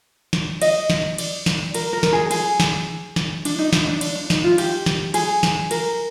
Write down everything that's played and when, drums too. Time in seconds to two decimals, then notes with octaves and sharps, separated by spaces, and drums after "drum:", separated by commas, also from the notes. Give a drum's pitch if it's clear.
0.33 drum: snare
0.62 D#5, drum: cymbal
0.90 drum: snare
1.18 D5, drum: cymbal
1.46 drum: snare
1.74 A#4, drum: cymbal
1.93 A#4
2.03 drum: snare
2.13 G#4
2.31 G#4, drum: cymbal
2.60 drum: snare
3.16 drum: snare
3.45 D4, drum: cymbal
3.59 D#4
3.73 D#4, drum: snare
3.87 D4
4.01 D4, drum: cymbal
4.16 D4
4.30 D#4, drum: snare
4.44 F4
4.58 G4, drum: cymbal
4.86 drum: snare
5.14 G#4, drum: cymbal
5.43 drum: snare
5.71 A#4, drum: cymbal